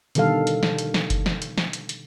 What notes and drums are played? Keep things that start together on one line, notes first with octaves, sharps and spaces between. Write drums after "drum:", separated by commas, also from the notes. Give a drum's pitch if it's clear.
B2 D3 D#3 G3 A4 F5, drum: hi-hat
drum: hi-hat
drum: snare
drum: hi-hat
drum: snare
drum: kick F#1, hi-hat
drum: snare
drum: hi-hat
drum: snare
drum: hi-hat
drum: hi-hat